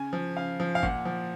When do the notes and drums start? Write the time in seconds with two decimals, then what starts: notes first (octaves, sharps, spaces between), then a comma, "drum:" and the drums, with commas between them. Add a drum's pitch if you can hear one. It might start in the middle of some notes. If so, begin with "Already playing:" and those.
Already playing: C#3 G#5
0.13 F3
0.36 C#3 F5
0.60 F3
0.75 F5
0.83 A#2 F#5, drum: kick
1.05 F3